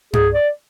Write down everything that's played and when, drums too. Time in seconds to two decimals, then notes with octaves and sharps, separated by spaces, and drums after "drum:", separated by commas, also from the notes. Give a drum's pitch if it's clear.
0.13 G#4, drum: tom G2
0.34 D5